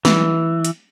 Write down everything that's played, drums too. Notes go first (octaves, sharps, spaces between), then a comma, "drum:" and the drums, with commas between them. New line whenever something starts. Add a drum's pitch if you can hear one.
E3, drum: snare
drum: hi-hat